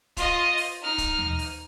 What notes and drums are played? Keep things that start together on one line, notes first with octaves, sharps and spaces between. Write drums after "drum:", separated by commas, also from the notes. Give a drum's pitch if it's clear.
F4 D#5, drum: kick, hi-hat
drum: open hi-hat
D#4 F6
drum: kick, hi-hat
drum: tom D#2
drum: open hi-hat